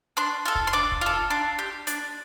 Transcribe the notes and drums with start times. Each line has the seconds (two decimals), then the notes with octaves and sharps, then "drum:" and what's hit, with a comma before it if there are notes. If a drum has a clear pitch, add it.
0.17 D4 C6
0.45 F4 A4
0.55 drum: kick
0.67 C6
0.73 D4 D6
0.92 drum: kick
1.01 F4 A4
1.30 D4 C6
1.59 G4
1.87 D4, drum: hi-hat